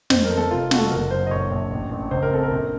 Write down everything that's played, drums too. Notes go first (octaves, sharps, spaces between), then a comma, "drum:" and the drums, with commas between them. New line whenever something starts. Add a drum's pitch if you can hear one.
F2 C5, drum: snare
A#4
A3
A4
F1 F4
A3 F#4, drum: snare
A4
F#1 A#4
F#3 C5
D#5
A#1 C#5
A#1
A1
A1
C#2 C5
A#4
C4 A4
A#4
A#1